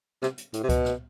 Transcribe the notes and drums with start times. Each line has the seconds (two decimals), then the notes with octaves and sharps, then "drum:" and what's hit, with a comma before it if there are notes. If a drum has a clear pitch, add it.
0.23 C3, drum: rim click
0.38 drum: hi-hat
0.53 A2, drum: hi-hat
0.63 C3
0.69 B2, drum: kick C#2, hi-hat
0.85 drum: rim click